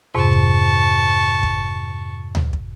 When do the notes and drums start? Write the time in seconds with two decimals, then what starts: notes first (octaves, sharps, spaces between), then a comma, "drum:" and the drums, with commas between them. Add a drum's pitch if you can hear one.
0.15 F2 G#2 C3 A5 C#6
0.33 drum: kick
1.43 drum: kick
2.35 drum: tom D2
2.53 drum: kick